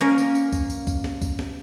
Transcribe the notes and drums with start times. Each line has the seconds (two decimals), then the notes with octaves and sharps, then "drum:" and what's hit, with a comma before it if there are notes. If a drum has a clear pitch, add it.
0.01 A#3 C#4
0.18 drum: tambourine
0.35 drum: tambourine
0.52 drum: kick C#2, tambourine
0.70 drum: tambourine
0.87 drum: kick C#2, tambourine
1.04 drum: snare
1.22 drum: kick C#2, tambourine
1.39 drum: snare